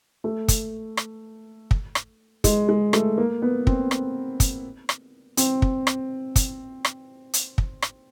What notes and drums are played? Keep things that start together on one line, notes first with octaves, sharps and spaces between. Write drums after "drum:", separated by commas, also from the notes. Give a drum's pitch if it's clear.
A3
drum: kick, hi-hat
drum: rim click
drum: kick
drum: rim click
G#3, drum: kick, hi-hat
G#3
A3, drum: rim click
A#3
B3
C4, drum: kick
drum: rim click
drum: kick, hi-hat
drum: rim click
C4, drum: hi-hat
drum: kick
drum: rim click
drum: kick, hi-hat
drum: rim click
drum: hi-hat
drum: kick
drum: rim click